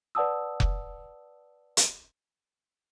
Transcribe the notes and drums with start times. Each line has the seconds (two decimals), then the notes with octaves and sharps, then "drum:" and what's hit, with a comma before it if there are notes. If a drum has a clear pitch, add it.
0.15 B4 D5 F#5 A5 D#6 E6
0.60 drum: kick F1
1.77 drum: hi-hat